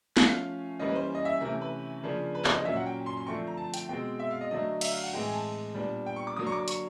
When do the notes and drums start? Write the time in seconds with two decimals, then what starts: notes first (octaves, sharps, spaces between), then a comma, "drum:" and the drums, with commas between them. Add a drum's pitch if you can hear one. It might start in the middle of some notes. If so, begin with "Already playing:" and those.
0.17 F3 A3 C#4 F5, drum: snare
0.79 E3 G3 A#3 C#4 D#5
0.88 B4
0.95 C5
1.15 D#5
1.25 E5
1.41 C3 E3 A3 C#4 A#4
1.61 B4
2.03 C#3 F3 A#3 D4
2.35 B4
2.45 C5, drum: clap
2.54 D#5
2.65 A#2 F#3 A#3 C#4 E5
2.76 F#5
2.86 G5
3.06 C6
3.17 C6
3.26 D3 F3 A3 C4 C#6
3.47 A#5
3.57 A5
3.74 G5, drum: hi-hat
3.89 B2 G#3 C4 G5
4.19 E5
4.31 F5
4.41 D#5
4.51 D3 F#3 A3 D4 D#5
4.81 E5, drum: cymbal
4.92 F5
5.03 F#5
5.13 A2 E3 G#3 C4 G5
5.23 G#5
5.33 A5
5.75 A#2 G3 B3 D4
6.06 G5
6.16 C#6
6.27 D6
6.37 D3 F#3 A#3 D4 D#6
6.46 C#6
6.52 D6
6.68 C#6, drum: hi-hat